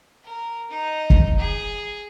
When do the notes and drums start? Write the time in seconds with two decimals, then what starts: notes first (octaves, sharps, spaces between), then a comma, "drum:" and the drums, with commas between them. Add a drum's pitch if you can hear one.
0.24 A#4
0.70 D#4
1.10 drum: kick
1.38 G#4